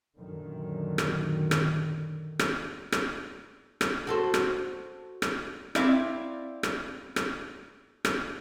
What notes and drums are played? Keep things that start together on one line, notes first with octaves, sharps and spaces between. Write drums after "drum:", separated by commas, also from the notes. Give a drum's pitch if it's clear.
F#2 A#2 D3 D#3
drum: rim click
drum: rim click
drum: rim click
drum: rim click
drum: rim click
F#4 A4 C5
drum: rim click
drum: rim click
C4 E4 D5 E5 F5, drum: rim click
drum: rim click
drum: rim click
drum: rim click